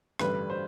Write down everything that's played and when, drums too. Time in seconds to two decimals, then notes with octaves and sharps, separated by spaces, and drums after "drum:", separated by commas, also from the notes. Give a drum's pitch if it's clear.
0.19 A1 G2 D3 G3 B4, drum: rim click
0.50 C5